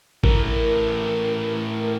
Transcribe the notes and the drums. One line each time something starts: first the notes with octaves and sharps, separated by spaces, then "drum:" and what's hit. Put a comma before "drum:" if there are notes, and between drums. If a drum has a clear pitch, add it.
A2 E3 A#4, drum: kick G#1